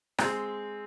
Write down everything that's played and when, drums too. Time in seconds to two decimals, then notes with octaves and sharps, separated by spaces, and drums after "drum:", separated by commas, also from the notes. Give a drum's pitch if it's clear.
0.18 G#3 C4, drum: rim click